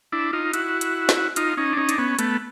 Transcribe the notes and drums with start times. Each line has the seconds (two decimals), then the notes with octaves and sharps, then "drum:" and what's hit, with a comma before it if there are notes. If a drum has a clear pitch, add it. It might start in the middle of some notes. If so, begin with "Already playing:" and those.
0.12 D4 E4
0.33 D#4 F4
0.53 E4 F#4, drum: hi-hat
0.81 drum: hi-hat
1.09 drum: snare
1.36 D#4 F4, drum: hi-hat
1.57 C#4 D#4
1.73 D4
1.77 C#4 D#4
1.89 D4, drum: hi-hat
1.98 B3 C#4
2.19 A3 B3, drum: hi-hat